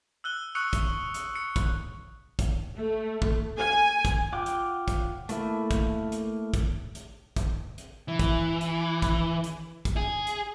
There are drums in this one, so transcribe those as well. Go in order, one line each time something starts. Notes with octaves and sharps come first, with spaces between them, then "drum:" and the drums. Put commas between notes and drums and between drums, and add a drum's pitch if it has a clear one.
E6 F#6 G7
C#6 D#6 E6 F#6 C#7
drum: kick, hi-hat
drum: hi-hat
C#7
drum: kick, hi-hat
drum: kick, hi-hat
A3
drum: kick
G#5
drum: kick, hi-hat
F4 F#5 G5 D6
drum: hi-hat
drum: kick, hi-hat
A3 A#3 E4, drum: hi-hat
drum: kick, hi-hat
drum: hi-hat
drum: kick, hi-hat
drum: hi-hat
drum: kick, hi-hat
drum: hi-hat
E3
drum: kick, hi-hat
drum: hi-hat
drum: kick, hi-hat
drum: hi-hat
drum: kick, hi-hat
G#4
drum: hi-hat